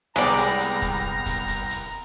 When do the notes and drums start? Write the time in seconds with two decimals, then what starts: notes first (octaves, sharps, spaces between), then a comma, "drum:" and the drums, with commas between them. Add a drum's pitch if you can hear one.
0.16 C2 G#3 B3 D5 G5 A#5, drum: hi-hat
0.38 drum: hi-hat
0.60 drum: hi-hat
0.82 drum: kick, hi-hat
1.26 drum: kick, hi-hat
1.48 drum: hi-hat
1.70 drum: hi-hat